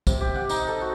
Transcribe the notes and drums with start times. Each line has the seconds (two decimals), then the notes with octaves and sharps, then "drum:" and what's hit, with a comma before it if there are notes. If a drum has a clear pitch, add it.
0.07 C3, drum: kick, tambourine
0.21 G4
0.35 F#5
0.49 D#4, drum: tambourine
0.67 A4
0.82 F#4